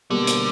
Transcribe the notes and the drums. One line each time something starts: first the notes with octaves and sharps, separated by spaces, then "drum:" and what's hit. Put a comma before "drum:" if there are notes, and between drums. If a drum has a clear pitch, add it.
B2 D3 G3 A#3
drum: hi-hat